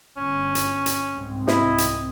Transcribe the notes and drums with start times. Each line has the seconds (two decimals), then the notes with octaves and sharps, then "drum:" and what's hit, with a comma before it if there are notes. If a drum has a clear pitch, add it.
0.17 G1 C#4
0.55 drum: hi-hat
0.86 drum: hi-hat
1.13 C2 G#2 C4
1.47 E4 D#5, drum: snare
1.78 drum: hi-hat